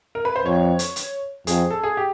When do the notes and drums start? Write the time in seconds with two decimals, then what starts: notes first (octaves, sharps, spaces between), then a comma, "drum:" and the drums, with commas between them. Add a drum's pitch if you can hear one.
0.15 A#4
0.25 B4
0.36 C5
0.45 F2 C#5
0.79 drum: hi-hat
0.96 drum: hi-hat
1.47 F2 G#4, drum: hi-hat
1.71 A4
1.84 G#4
1.97 G4